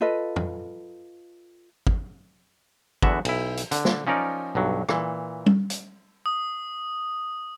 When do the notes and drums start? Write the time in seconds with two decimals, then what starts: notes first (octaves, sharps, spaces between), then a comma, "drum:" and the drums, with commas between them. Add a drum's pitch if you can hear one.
0.01 F4 A4 B4 D#5
0.36 drum: tom F2
1.87 drum: kick
3.02 E2 D3 B3 F#4 E5, drum: kick
3.25 B1 E4, drum: cymbal
3.57 drum: hi-hat
3.71 D3, drum: hi-hat
3.85 drum: snare
4.07 F3 C#4 D#4 A#4 D5
4.55 B1 G2 F#3
4.89 A#2 E3, drum: rim click
5.46 drum: tom G3
5.70 drum: hi-hat
6.26 D#6